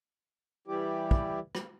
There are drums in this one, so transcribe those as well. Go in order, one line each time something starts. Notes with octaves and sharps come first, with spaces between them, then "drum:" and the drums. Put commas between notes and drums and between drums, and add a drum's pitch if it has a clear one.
E3 G3 E4 G4 D5
drum: kick
drum: rim click